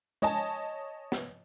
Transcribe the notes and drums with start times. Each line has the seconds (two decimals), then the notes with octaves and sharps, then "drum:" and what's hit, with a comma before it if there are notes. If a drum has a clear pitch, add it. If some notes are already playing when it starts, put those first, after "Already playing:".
0.22 C#5 D#5 G#5 A5, drum: tom G#3
1.12 drum: snare